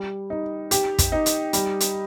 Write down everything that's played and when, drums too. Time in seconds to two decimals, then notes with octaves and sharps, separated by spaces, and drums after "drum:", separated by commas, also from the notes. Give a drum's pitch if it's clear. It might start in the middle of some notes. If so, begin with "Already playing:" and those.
Already playing: G3
0.30 D#4
0.71 G4, drum: hi-hat
0.98 drum: kick, hi-hat
1.12 D#4
1.26 drum: hi-hat
1.53 G3, drum: hi-hat
1.80 drum: hi-hat